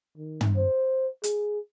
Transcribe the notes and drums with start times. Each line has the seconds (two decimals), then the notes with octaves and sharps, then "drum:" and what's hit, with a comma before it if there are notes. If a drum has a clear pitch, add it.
0.18 D#3
0.41 drum: tom
0.57 C5
1.24 G#4, drum: hi-hat